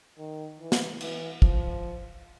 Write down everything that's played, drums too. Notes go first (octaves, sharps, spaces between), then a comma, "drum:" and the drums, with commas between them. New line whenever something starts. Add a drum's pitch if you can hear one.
D#3
E3
drum: snare
E3, drum: cymbal
F3, drum: kick